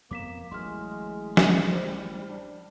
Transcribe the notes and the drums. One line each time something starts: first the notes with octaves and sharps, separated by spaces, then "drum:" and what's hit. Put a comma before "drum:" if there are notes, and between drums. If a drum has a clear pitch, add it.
F2 A#3 B3 D6 B6 E7
A1 F#3 G#3 C6 F6
G3, drum: snare
C5
D4